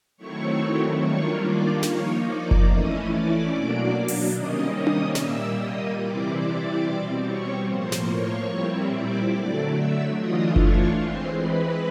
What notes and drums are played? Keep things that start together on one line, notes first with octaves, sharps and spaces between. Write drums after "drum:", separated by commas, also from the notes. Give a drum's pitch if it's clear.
D#3 F#3 A3 C4 E4 C#5 C#6
D#3 G3 A#3 D4 F4 C#5 C#6
D5 D6
F3 A#3 D#4 C#5 C#6, drum: snare
D5 D6
drum: kick F#1
E3 A3 C#4 E4 D#5 D#6
D5 D6
B2 F#3 A#3 D4
drum: open hi-hat
C3 D#3 G3 A#3 C#4 D#5 D#6
D#5 D#6
drum: tom D4
A#2 G3 A#3 E5 E6, drum: snare
D#5 D#6
C3 E3 G3 C4 E4 D5 D6
D5 D6
B2 G3 C4
C#5 C#6
A2 F3 A#3 C5 C6
drum: snare
C#5 C#6
A#2 G3 C4 E4
D5 D6
D3 F#3 A3 D5 D6
E5 E6
E3 A3 D4 F4 D#5 D#6
C#5 C#6, drum: kick F#1
E3 G#3 C4 C5 C6
B4 B5